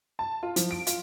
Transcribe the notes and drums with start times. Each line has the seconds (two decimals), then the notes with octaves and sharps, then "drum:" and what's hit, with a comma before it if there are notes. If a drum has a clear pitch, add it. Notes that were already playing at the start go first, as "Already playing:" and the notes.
0.19 A5
0.43 F4
0.56 F3, drum: hi-hat
0.71 D7
0.87 F4, drum: hi-hat